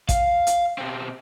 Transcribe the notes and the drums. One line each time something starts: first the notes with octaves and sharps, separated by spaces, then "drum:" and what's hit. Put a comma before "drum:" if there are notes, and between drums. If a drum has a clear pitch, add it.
F5, drum: kick A1, hi-hat
drum: hi-hat
B2 C4